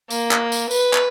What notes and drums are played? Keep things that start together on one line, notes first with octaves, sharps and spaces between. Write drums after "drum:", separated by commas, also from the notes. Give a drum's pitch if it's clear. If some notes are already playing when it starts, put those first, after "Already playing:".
A#3, drum: tambourine
drum: clap
drum: tambourine
B4, drum: tambourine
drum: clap